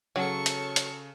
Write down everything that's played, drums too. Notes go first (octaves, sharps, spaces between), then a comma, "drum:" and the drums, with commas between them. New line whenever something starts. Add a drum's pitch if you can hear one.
C#3 F#3 A4 C#6
drum: hi-hat
drum: hi-hat